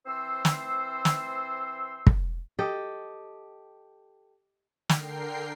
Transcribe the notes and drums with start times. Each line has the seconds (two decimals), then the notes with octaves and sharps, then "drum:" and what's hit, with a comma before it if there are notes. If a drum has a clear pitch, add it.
0.06 E3 C4 C5 C6 E6
0.45 drum: snare
1.05 drum: snare
2.07 drum: kick
2.59 G4 A4 D#5
4.89 D3 A#4 G5 C7, drum: snare